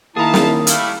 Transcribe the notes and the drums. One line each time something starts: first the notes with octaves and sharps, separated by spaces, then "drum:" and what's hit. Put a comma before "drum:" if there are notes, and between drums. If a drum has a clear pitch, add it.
D#3 A#3 E4 G#4 E5 F5 A5 A#5
drum: snare
G3 A3 E4 F5, drum: hi-hat